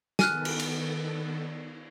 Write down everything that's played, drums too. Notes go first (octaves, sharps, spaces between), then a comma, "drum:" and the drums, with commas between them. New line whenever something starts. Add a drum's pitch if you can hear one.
D#3 B3 A4 G#5 F6 F#6, drum: snare
drum: cymbal
drum: cymbal